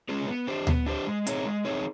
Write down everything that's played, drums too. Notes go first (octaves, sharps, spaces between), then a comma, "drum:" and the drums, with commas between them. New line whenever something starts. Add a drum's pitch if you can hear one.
G#3 C#4 F4 G#4
B3
D4 G4 C5
B3, drum: tom D2
D4 G4 C5
G#3
C4 D#4 G#4 C#5, drum: hi-hat
G#3
C4 D#4 G#4 C#5